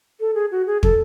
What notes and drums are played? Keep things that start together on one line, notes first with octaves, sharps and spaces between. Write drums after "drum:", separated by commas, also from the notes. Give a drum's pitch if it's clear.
A4
G#4
F#4
G#4
A4, drum: kick